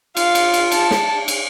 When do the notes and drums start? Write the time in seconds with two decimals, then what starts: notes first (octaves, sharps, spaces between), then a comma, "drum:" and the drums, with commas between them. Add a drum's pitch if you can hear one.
0.17 F4 F5, drum: cymbal
0.35 drum: cymbal
0.53 drum: cymbal
0.72 A5, drum: cymbal
0.91 drum: snare
1.28 drum: cymbal